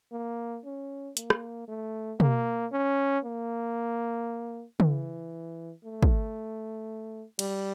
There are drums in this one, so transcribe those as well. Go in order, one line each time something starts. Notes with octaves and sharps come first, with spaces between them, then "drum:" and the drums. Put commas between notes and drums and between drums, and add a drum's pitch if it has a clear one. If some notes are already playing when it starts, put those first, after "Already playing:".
A#3
C#4
A#3, drum: hi-hat
drum: rim click
A3
A#3, drum: tom
C#4
A#3
E3, drum: tom
A3
drum: kick
G3, drum: cymbal